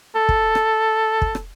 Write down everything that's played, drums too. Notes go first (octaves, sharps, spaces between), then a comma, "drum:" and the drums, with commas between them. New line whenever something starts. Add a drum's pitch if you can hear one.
A4
drum: kick
drum: rim click
drum: kick
drum: rim click